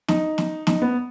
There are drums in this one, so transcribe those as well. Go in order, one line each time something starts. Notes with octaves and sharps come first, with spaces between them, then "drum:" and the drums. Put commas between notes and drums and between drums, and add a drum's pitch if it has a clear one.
D#4, drum: snare
drum: snare
D#4, drum: snare
B3